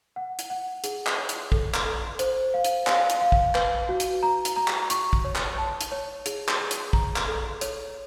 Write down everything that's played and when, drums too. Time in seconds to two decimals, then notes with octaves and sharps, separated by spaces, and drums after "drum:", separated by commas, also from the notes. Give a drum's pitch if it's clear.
0.16 F#5
0.39 drum: hi-hat
0.50 F#5
0.84 G#4, drum: hi-hat
1.06 drum: clap
1.18 C#5
1.29 drum: hi-hat
1.52 A4, drum: kick
1.74 drum: clap
1.86 A4
2.19 C5, drum: hi-hat
2.54 F5
2.65 drum: hi-hat
2.87 F5, drum: clap
3.10 drum: hi-hat
3.21 F5
3.32 drum: kick
3.55 B4, drum: clap
3.89 F#4
4.00 drum: hi-hat
4.23 A#5
4.45 drum: hi-hat
4.56 A#5
4.68 drum: clap
4.90 C#6, drum: hi-hat
5.13 drum: kick
5.25 C#5
5.35 drum: clap
5.58 A5
5.81 drum: hi-hat
5.92 C#5
6.26 G#4, drum: hi-hat
6.48 drum: clap
6.60 G#4
6.71 drum: hi-hat
6.93 A#5, drum: kick
7.16 drum: clap
7.27 A4
7.61 C#5, drum: hi-hat